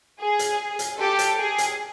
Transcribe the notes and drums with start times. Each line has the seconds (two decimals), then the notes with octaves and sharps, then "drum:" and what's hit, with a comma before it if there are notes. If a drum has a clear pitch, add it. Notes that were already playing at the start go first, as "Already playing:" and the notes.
0.20 G#4
0.39 drum: hi-hat
0.79 drum: hi-hat
0.99 G4 A4
1.19 drum: hi-hat
1.39 G#4
1.58 drum: hi-hat